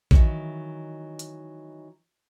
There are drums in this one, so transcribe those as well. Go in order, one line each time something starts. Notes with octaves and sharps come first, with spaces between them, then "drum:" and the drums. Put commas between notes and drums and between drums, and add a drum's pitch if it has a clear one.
D#3 E3 F#3, drum: kick A#1
drum: hi-hat